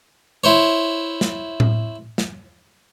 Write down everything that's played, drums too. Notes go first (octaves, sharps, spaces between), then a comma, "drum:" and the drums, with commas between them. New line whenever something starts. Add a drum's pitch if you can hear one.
E4 C5 C#5
drum: snare
drum: tom A2
drum: snare